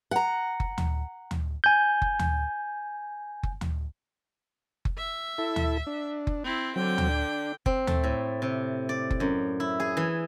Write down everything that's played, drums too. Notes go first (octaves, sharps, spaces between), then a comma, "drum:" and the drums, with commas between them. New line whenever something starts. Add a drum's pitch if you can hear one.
F#5 A#5
drum: kick F#1
drum: tom D2
drum: tom D2
G#5 G6
drum: kick F#1
drum: tom D2
drum: kick F#1
drum: tom D2
drum: kick F#1
E5
E4 A4
drum: tom D2
D4
drum: kick F#1
C4 E4
D3 F#3 C4 G5
drum: tom D2
D4
C4, drum: kick F#1
A3, drum: tom D2
A2
C3
D5
drum: kick F#1
F#2
E4
G#4
E3